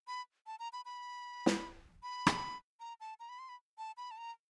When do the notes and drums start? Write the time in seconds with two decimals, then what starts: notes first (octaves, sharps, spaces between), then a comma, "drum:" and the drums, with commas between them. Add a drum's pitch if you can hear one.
0.07 B5
0.47 A5
0.59 A#5
0.73 B5
0.85 B5
1.46 drum: snare
2.03 B5
2.27 drum: rim click
2.80 A#5
3.00 A5
3.20 A#5
3.29 B5
3.39 C6
3.49 B5
3.78 A5
3.97 B5
4.11 A5
4.18 A#5